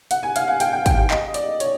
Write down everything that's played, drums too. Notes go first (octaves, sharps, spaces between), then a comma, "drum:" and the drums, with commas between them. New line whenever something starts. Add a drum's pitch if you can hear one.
F#5, drum: hi-hat
G#5
F5, drum: hi-hat
F#5
G5, drum: hi-hat
G5
G5, drum: kick, hi-hat
G5
D#5, drum: clap
D5, drum: hi-hat
C#5, drum: hi-hat